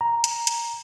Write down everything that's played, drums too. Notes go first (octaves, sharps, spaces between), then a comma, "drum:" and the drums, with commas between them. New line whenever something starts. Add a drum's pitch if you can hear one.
A#5
drum: hi-hat
drum: hi-hat